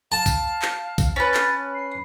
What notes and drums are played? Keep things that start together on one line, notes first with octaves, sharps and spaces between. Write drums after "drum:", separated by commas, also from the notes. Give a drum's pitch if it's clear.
F5 A5
drum: kick B1, tambourine
drum: clap
drum: kick B1, tambourine
C#4 B4 A6
drum: clap
C7